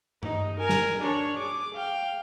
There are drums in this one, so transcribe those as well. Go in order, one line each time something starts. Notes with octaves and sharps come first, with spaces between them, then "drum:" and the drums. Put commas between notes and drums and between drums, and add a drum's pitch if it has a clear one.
D#4, drum: tom G2
A#4 G#5
drum: snare
D4 C#5
G#4 D6
F5 G5